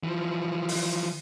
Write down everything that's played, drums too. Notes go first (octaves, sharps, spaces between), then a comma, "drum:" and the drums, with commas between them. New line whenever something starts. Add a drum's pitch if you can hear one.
E3 F3
drum: open hi-hat